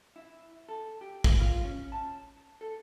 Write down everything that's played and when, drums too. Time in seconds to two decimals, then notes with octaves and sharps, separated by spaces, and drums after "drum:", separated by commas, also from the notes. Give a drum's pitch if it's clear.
0.16 E4
0.69 A4
1.01 G4
1.24 drum: kick
1.39 F4
1.64 C#4
1.92 A5
2.61 A4